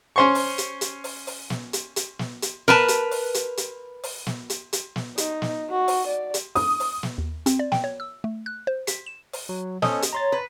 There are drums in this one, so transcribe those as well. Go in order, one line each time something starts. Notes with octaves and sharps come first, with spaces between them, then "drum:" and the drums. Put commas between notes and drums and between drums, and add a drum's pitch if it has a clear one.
C#4 C5 C#6
drum: open hi-hat
drum: hi-hat
drum: hi-hat
drum: open hi-hat
drum: open hi-hat
drum: snare
drum: hi-hat
drum: hi-hat
drum: snare
drum: hi-hat
A#4 B4 A5, drum: snare
drum: hi-hat
drum: open hi-hat
drum: hi-hat
drum: hi-hat
drum: open hi-hat
drum: snare
drum: hi-hat
drum: hi-hat
drum: snare
D#4, drum: hi-hat
drum: snare
F#4
drum: open hi-hat
D5
drum: hi-hat
D#6, drum: open hi-hat
drum: open hi-hat
drum: snare
D#2
C4, drum: hi-hat
D5
G5, drum: snare
C#5
E6
A3
F#6
C5
B6, drum: hi-hat
E7
drum: open hi-hat
F#3
C#4 A4 C5 D#5, drum: snare
drum: hi-hat
C#5 A#5 C6 A6
B4